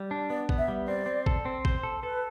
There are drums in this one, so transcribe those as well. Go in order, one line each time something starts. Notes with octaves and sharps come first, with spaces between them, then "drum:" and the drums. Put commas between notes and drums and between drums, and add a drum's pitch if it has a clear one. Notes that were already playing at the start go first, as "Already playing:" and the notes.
Already playing: G3
D4
B3 D5
B3, drum: kick A1
E5
G3
C4 D5
C4
A4, drum: kick A1
C4
C5, drum: kick A1
A4
A4 B4